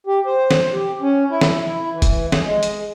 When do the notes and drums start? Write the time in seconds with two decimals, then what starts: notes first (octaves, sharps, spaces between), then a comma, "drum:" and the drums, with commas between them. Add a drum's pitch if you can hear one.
0.07 G4
0.26 C5
0.51 drum: snare
0.73 G4
1.01 C#4
1.30 E4
1.41 drum: snare
1.64 E4
1.92 E3
2.02 drum: kick F1, hi-hat
2.32 G#4, drum: snare
2.44 G#3
2.63 drum: hi-hat